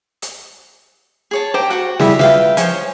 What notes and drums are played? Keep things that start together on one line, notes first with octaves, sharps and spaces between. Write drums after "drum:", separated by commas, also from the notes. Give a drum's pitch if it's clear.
drum: hi-hat
G#4 C#5 A5
G4 C5 G5 A#5
F#4 F#5 C#6
G3 E4 G#4, drum: snare
F4 B4 E5 F5 G5, drum: snare
F3 C5 C#5 G#5, drum: hi-hat